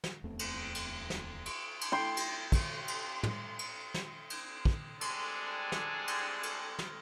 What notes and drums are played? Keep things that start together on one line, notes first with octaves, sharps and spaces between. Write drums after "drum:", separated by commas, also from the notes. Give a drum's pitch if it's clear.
drum: snare
D1 E2 A3 C4
drum: cymbal
drum: cymbal
drum: snare
drum: cymbal
drum: cymbal
G5 C6
drum: cymbal
drum: kick, cymbal
drum: cymbal
drum: tom
drum: cymbal
drum: snare
drum: cymbal
drum: kick
G3 G#3 C4 D4 G#4 A4, drum: cymbal
drum: snare
drum: cymbal
drum: cymbal
drum: snare